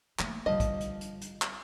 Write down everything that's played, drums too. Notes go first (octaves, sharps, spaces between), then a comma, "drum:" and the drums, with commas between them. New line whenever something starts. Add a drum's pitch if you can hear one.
A3 A#3, drum: clap
D3 F3 G3 D#5
drum: kick, hi-hat
drum: hi-hat
drum: hi-hat
drum: hi-hat
drum: clap